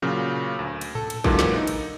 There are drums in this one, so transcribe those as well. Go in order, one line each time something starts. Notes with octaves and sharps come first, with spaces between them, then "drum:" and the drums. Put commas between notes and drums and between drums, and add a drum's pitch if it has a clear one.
A#2 C#3 F#3
D2
drum: cymbal
A4, drum: tom A2
drum: cymbal
A#2 D3 E3 F#3 G#3 A#3, drum: kick
drum: snare
D#4
drum: cymbal